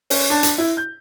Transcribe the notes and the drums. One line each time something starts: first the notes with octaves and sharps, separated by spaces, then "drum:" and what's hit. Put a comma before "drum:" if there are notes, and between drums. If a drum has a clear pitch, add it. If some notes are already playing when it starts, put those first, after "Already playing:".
C#4, drum: open hi-hat
D4
drum: hi-hat
E4
G6